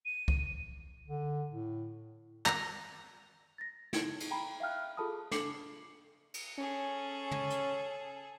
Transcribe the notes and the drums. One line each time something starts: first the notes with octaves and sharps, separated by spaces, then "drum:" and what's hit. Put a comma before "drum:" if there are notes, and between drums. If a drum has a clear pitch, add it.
D#7
drum: kick
D3
A2
A#5, drum: clap
A6 A#6
D#4 E4 G#6 C#7 D7, drum: snare
drum: cymbal
G5 A#5 B5
E5 F5 G5 F6 F#6
F4 G#4 A4 A5 B5 D#6
D4 A4 D6 C7 C#7 F#7, drum: snare
drum: cymbal
C#4 G#4 A4
drum: tom
drum: hi-hat